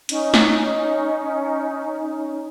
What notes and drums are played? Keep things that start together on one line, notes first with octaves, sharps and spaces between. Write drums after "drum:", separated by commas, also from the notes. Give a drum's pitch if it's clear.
C#4 D#4, drum: hi-hat
drum: snare